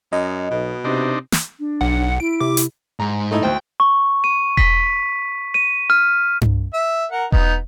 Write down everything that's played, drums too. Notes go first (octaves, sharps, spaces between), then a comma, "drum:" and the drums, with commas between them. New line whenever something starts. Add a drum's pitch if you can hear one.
F#2 D#5
B1 B2
C3 C4 D4 D#4
drum: snare
D4
B1 F#5
E4 D7
C3 D6
drum: hi-hat
G#2 A#5
A3 D#4 E4
D2 C5 G5
C#6
D#7
B6, drum: kick E1
D#7
F6
drum: tom G2
E5
A#4 F#5
B3 D#4, drum: kick E1